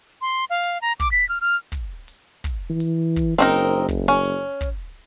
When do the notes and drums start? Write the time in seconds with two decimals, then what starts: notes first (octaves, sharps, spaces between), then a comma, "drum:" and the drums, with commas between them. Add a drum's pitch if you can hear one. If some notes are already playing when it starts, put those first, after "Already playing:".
0.21 C6
0.50 F5
0.63 drum: hi-hat
0.82 A#5
1.00 D6, drum: kick, hi-hat
1.12 B6
1.29 F6
1.41 F6
1.72 drum: kick, hi-hat
2.08 drum: hi-hat
2.44 drum: kick, hi-hat
2.70 E3
2.80 drum: hi-hat
3.16 drum: kick, hi-hat
3.38 F#1 C4 D#4 A#4
3.52 drum: hi-hat
3.88 drum: kick, hi-hat
4.08 C#4
4.25 drum: hi-hat
4.61 drum: kick, hi-hat